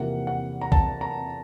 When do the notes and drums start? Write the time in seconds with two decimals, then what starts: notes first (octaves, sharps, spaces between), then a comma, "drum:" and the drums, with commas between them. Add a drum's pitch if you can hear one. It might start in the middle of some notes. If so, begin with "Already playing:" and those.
Already playing: E2 C3 F3 A#3 F#5
0.27 F#5
0.61 A#5
0.72 A5, drum: kick
1.01 A#5